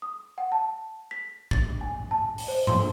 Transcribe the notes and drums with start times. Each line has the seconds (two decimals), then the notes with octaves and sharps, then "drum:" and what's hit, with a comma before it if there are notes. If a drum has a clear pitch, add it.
0.02 D#6
0.38 F#5
0.52 A5
1.11 B6
1.51 A6, drum: kick
1.81 G#5
2.11 A5
2.38 drum: open hi-hat
2.48 C5
2.67 C6, drum: tom G2